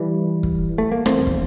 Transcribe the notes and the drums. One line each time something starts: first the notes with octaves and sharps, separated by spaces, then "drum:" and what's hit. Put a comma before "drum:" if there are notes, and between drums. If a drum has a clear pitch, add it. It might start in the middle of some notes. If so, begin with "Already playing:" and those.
Already playing: E3 G3
drum: kick
A3
A#3
F1 E2 C3 A3 C4, drum: rim click
drum: kick